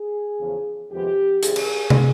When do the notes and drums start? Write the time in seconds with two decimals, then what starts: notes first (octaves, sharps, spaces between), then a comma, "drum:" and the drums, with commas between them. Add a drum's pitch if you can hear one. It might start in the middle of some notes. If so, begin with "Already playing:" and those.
Already playing: G#4
0.39 E2 C#3 F3
0.91 F2 C3 D#3 G#3 B3 G4
1.43 C2 C3 D#3 G3 G#4, drum: hi-hat
1.56 drum: cymbal
1.90 drum: tom